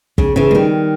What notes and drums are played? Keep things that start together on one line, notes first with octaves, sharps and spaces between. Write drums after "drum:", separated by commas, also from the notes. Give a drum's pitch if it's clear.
C#3, drum: kick
C#3 E3
G#3
D#3 G3